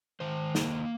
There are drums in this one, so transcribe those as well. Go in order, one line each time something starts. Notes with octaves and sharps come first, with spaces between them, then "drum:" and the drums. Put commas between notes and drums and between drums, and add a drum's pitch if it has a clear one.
D#3 C5
A#3, drum: snare